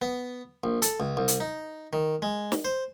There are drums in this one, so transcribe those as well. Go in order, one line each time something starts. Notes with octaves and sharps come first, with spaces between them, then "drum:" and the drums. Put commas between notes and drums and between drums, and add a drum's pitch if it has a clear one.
B3
A#1
A4, drum: hi-hat
C#2
C2
drum: hi-hat
D#4
D#3
G#3
drum: snare
C5